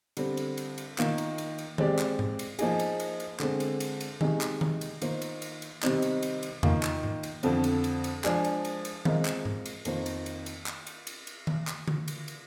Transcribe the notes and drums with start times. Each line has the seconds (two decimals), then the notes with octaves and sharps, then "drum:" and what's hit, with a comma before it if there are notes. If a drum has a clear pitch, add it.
0.17 D3 G3 C4, drum: cymbal
0.37 drum: cymbal
0.58 drum: cymbal
0.78 drum: cymbal
0.98 D#3 A#3 F4, drum: clap
1.18 drum: cymbal
1.38 drum: cymbal
1.58 drum: cymbal
1.78 G#3 C4 G4 D5, drum: tom D#3
1.99 drum: clap
2.19 drum: tom G#2
2.39 drum: cymbal
2.59 F3 A#3 D#4 G#4, drum: cymbal
2.80 drum: cymbal
3.00 drum: cymbal
3.20 drum: cymbal
3.40 D3 G#3 C4, drum: clap
3.60 drum: cymbal
3.80 drum: cymbal
4.01 drum: cymbal
4.21 C3 D#3 G#3 D#4 G#4, drum: tom D#3
4.41 drum: clap
4.61 drum: tom D#3
4.81 drum: cymbal
5.02 D#3 A#3 F4 C5, drum: cymbal
5.22 drum: cymbal
5.42 drum: cymbal
5.62 drum: cymbal
5.82 C3 D#3 G3 C4 D#4, drum: clap
6.02 drum: cymbal
6.23 drum: cymbal
6.43 drum: cymbal
6.63 D#3 A#3 F4, drum: tom E2
6.83 drum: clap
7.03 drum: tom G#2
7.23 drum: cymbal
7.43 F2 D3 F3 C4, drum: cymbal
7.64 drum: cymbal
7.84 drum: cymbal
8.04 drum: cymbal
8.24 F3 G#3 D4 G#4, drum: clap
8.44 drum: cymbal
8.65 drum: cymbal
8.85 drum: cymbal
9.05 G#3 C4 F4 A#4 D#5, drum: tom D#3
9.25 drum: clap
9.45 drum: tom G#2
9.66 drum: cymbal
9.85 F2 D#3 A#3 F4 C5, drum: cymbal
10.06 drum: cymbal
10.26 drum: cymbal
10.46 drum: cymbal
10.66 drum: clap
10.87 drum: cymbal
11.07 drum: cymbal
11.27 drum: cymbal
11.47 drum: tom D#3
11.67 drum: clap
11.88 drum: tom D3
12.08 drum: cymbal
12.28 drum: cymbal